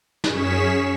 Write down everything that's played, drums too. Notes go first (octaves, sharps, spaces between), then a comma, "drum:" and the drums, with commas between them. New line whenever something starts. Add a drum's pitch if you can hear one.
F#2 C#4 G#4 C#6 B6 E7, drum: snare